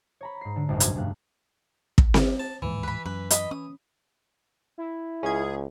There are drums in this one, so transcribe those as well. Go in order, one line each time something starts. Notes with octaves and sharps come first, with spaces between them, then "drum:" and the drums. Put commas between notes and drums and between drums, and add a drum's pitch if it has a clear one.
C#5 A#5 B5
G#2 C7
D3
G#1 C#2 F#2 B2
G3 G#6, drum: hi-hat
F1 G2 A3 F5 F#6
drum: kick
drum: snare C4
A5
D1 D#2 G#2 E3
B4 B5
F#2 B4
D#5 B5, drum: hi-hat
C#4 D#6
E4
C#2 C#4 G#4 G#6